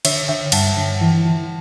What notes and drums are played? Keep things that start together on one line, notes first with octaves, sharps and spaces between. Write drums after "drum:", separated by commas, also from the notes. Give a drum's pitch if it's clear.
D3 C#5 E5, drum: cymbal
D3 E5 G5
G2 F#5 A5, drum: cymbal
D3
E3
E3